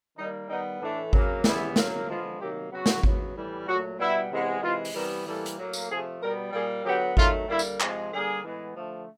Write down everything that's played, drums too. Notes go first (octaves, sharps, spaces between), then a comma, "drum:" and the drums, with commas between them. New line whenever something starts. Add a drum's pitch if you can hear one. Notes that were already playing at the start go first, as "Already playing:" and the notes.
D#3 G3 A#3 D#4
D#3 G3 B3 D#4
A2 E3 A3 D4
C#3 F#3 A#3, drum: kick G#1
C#3 E3 G3 B3 E4, drum: snare
C#3 F#3 A#3, drum: snare
D3 F3 G#3 B3 F4
C3 D#3 F#3 A#3 G4
C#3 F#3 B3 F#4
drum: snare
C#3 F#3 B3, drum: kick G#1
A2 E3 G3
A#2 F#3 A3 F#4
B2 G3 B3 E4
C3 E3 G#3 B3
C3 E3 G#3 F4
drum: open hi-hat
C3 E3 G3 B3 A#4
A2 E3 G3 A#3 A4
drum: hi-hat
A2 F#3 A#3
drum: tambourine
C3 F3 A3 G#4
B2 G3 B3 A#4
A#2 G3 A#3 G#4
D3 F#3 B3 G4
D#3 F#3 A3 F4, drum: kick G#1
D3 G3 A#3 E4
drum: tambourine
C3 F3 G#3, drum: clap
D3 G3 A#3 G#4
A2 E3 G#3 B3
D3 F3 A3